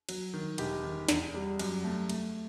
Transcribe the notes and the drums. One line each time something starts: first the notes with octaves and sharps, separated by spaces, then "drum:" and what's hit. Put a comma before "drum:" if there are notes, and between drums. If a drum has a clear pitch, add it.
F#3, drum: cymbal
D#3
E1 G4, drum: cymbal
D#3
E2, drum: snare
G3
F#2, drum: cymbal
A3
A3, drum: cymbal